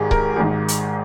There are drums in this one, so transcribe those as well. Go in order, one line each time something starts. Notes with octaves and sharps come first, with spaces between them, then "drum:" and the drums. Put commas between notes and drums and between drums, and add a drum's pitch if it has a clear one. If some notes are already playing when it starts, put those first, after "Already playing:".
Already playing: G#1 G#2 D#3 G4 G#4
A#4, drum: kick C#1
G#1 G#2 D#3 G#4
drum: hi-hat